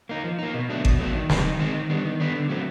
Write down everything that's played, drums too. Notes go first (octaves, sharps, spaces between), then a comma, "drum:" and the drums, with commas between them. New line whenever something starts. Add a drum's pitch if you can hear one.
A#3 D#4
F3
A#3 D#4
B2
F#3 A3 D4
B2, drum: kick G#1
F#3 A3 D4
D#3
G#3 C4 D#4, drum: snare
D#3
G#3 C4 D#4
D#3
G3 B3 D4
D#3
G3 B3 D4
D3
F#3 A3 C4